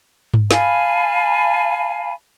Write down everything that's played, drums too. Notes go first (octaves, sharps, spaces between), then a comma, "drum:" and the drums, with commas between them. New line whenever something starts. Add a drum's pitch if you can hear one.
drum: tom G#2
F5 G#5 A5 B5, drum: snare